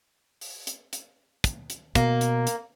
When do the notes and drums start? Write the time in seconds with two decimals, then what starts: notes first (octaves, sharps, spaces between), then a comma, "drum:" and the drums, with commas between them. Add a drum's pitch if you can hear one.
0.41 drum: open hi-hat
0.67 drum: hi-hat
0.93 drum: hi-hat
1.44 drum: kick, hi-hat
1.70 drum: hi-hat
1.95 B2 A#3, drum: kick, hi-hat
2.21 drum: hi-hat
2.47 drum: hi-hat